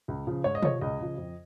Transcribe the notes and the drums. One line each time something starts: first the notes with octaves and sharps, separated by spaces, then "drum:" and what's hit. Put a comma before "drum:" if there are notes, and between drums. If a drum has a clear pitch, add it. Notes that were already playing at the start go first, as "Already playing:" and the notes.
C#2
C#3 F3
G#2 C#5
D#5
F3 C#5, drum: tom
C#2 D#5
C#3 F3
F2